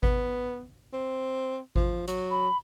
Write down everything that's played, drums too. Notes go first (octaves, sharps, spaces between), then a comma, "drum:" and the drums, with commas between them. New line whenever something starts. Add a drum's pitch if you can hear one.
B3, drum: kick G#1
C4
F3, drum: kick G#1
F#3, drum: hi-hat
B5